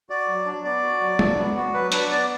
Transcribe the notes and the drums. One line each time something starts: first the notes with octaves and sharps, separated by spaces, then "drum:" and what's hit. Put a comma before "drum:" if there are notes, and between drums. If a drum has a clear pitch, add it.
F#4 D5
F#3
D4
B3 D5
F#4
F#3
D4, drum: tom
B3
F#4
F#3 B4
D4 B4, drum: hi-hat
B3 D5